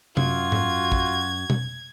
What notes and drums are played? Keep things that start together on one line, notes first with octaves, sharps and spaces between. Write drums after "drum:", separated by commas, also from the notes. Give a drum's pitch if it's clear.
F#2 F4 F#4 G#6, drum: tom C3
drum: tom G#2
drum: kick A1
drum: tom B2